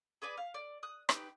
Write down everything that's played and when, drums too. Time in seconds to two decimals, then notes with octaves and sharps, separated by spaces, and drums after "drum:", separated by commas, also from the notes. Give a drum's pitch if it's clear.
0.22 G#4 B4 D5 G#5
0.37 F5
0.54 D5
0.83 D#6 F#6
1.09 D#4 G4 B4, drum: rim click